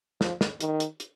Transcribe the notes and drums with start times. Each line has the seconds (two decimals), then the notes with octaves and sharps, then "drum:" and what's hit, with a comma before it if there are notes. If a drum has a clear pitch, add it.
0.21 F3, drum: snare
0.41 drum: snare
0.61 D#3, drum: hi-hat
0.80 drum: hi-hat
1.00 drum: hi-hat